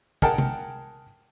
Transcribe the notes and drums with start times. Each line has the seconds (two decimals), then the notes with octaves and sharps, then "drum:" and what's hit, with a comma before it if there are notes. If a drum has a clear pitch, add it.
0.22 G#4 A#4 F#5 G5 A5, drum: kick
0.38 drum: tom C3